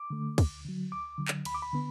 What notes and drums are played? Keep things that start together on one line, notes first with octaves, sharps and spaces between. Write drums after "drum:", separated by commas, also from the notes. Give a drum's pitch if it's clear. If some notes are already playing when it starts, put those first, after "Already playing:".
Already playing: D6
D3 A3
D2, drum: kick, cymbal
D3 F#3
D2 D6
D3 F#3
drum: clap
D2 B5, drum: cymbal
D6
B5
D3 B3